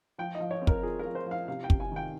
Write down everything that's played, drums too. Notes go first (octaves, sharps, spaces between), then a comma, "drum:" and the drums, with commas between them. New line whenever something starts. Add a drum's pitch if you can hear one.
F3 G5
D#5
F3
C#5
C4
A#4, drum: kick
F4 G#4
A#4
F3
C5
F3
F5
C3 F5
G5
C3, drum: kick
G#5
D#3 G5